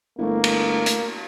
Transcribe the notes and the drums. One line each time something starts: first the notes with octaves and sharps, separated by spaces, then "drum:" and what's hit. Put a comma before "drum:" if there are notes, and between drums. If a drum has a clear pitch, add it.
G1 A3 A#3 E4
drum: cymbal
drum: hi-hat